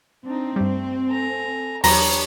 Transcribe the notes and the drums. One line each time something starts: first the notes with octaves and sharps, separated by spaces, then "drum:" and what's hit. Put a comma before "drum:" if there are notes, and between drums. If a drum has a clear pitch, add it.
C4 D4 D#4
G2 G3 A3
A4 G#5 A#5
E2 F#3 D4 G4 C#5 A#5 B5, drum: open hi-hat